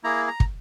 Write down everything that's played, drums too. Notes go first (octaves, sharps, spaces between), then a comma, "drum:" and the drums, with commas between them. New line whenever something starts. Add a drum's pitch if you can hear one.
A#3 E4 G#4 A#5
A#5
drum: kick